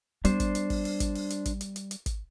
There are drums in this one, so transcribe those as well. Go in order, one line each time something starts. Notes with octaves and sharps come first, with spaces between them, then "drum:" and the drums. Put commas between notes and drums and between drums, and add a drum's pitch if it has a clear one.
G3 B3 D4 C5, drum: hi-hat
drum: kick, hi-hat
drum: hi-hat
drum: kick, open hi-hat
drum: open hi-hat
drum: kick, hi-hat
drum: open hi-hat
drum: hi-hat
drum: kick, hi-hat
drum: hi-hat
drum: hi-hat
drum: hi-hat
drum: kick, hi-hat